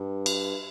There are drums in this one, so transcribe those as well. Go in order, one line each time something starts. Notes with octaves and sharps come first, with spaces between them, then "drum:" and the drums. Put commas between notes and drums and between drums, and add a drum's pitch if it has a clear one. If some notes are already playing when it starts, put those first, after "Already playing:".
Already playing: G2
drum: cymbal